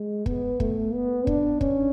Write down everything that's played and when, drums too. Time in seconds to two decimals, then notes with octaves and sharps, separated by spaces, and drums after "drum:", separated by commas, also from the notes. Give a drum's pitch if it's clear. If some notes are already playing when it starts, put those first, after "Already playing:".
Already playing: G#3
0.26 B3, drum: kick
0.60 A3, drum: kick
0.94 B3
1.27 D4, drum: kick
1.61 C#4, drum: kick